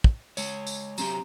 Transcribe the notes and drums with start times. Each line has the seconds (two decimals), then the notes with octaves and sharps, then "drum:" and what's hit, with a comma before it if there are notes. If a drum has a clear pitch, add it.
0.04 drum: kick
0.37 G#3 C#5, drum: tambourine
0.67 drum: tambourine
0.98 F#3 C4 G4 A#5, drum: tambourine